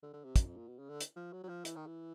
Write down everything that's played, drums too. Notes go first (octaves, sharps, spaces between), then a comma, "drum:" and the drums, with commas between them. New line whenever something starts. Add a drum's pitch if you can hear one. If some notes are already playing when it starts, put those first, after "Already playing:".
D3
D3
C3
F#2, drum: kick, hi-hat
F2
A#2
B2
C#3
D3
drum: hi-hat
F3
F#3
F#3
F3
E3, drum: hi-hat
D#3
E3